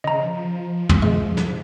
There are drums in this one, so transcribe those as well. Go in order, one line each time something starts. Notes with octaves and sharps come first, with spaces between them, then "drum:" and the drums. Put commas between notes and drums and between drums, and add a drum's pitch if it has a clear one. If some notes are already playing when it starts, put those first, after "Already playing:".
C#3 D#5 A#5
F3
drum: tom
G#3
drum: snare